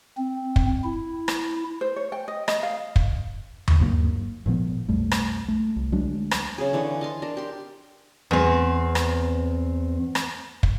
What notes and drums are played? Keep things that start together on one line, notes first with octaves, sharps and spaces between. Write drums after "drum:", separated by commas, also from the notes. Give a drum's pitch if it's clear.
C4
drum: kick
E4
drum: rim click
C5
C#5
G5
D#5
D#5, drum: rim click
F5
drum: kick
drum: tom D#2
G#1 G2 F#3 A#3
G#1 A#2 F3 B3
B1 F2 G3 A3
drum: rim click
A3
C2
D2 F#3 G#3 D4
drum: rim click
C#3 G#4
D3 E3 B4
D#5 F5 C6
D4 A#4
G4 C6
E2 C4
drum: rim click
drum: rim click
drum: kick